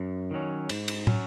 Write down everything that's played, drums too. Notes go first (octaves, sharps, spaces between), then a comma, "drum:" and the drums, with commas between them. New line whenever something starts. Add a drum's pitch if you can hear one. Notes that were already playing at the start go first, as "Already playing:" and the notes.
Already playing: F#2
D#3 F#3 C#4
G#2, drum: cymbal
drum: cymbal
F#3 C#4, drum: tom